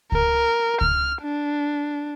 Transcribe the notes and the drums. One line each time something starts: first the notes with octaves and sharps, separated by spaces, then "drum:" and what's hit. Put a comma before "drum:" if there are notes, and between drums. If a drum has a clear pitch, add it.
A#4, drum: kick C#2
F6, drum: kick C#2
D4